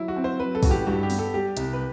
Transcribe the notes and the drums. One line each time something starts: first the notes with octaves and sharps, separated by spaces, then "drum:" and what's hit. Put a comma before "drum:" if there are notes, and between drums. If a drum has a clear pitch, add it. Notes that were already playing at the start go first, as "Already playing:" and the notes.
Already playing: F#3 E4
F#4
C4
C5
F#3 B4
A4
A1 F#4, drum: kick, open hi-hat
G4
G2 F#4
G4
B3, drum: open hi-hat
A4
G3 G4
C2, drum: hi-hat
B4